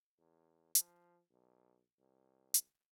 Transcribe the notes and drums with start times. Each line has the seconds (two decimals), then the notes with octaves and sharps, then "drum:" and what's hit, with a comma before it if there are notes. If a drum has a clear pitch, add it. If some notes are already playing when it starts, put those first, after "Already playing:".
0.19 E2
0.75 F3, drum: hi-hat
1.31 B1
1.99 C2
2.54 drum: hi-hat